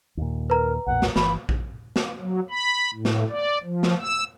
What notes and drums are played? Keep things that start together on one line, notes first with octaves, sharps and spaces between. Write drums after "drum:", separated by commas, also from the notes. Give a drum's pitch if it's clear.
D#2 A#2
A#4 B4 A#5
B1 F2 A#2 F#5
drum: snare
G1 E3 B5, drum: snare
drum: kick A#1
drum: snare
F#3
B5
A2
drum: snare
D5
F3
drum: snare
E6